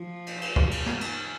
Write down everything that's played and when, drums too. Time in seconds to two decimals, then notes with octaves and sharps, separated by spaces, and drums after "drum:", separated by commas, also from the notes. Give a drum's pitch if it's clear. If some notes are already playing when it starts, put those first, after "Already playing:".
Already playing: F3
0.26 drum: cymbal
0.41 drum: cymbal
0.56 drum: kick
0.71 drum: cymbal
0.86 drum: snare
1.01 drum: cymbal